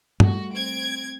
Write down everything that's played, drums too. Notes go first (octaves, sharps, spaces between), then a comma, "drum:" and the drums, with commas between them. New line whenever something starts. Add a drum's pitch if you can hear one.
G3 A3 F#4, drum: tom G2
C4 G#6 D7